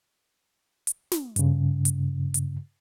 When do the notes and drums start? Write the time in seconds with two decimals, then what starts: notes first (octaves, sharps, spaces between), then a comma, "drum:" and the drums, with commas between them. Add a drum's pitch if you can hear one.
0.87 drum: hi-hat
1.12 drum: snare
1.36 G2 C#3, drum: hi-hat
1.85 drum: hi-hat
2.34 drum: hi-hat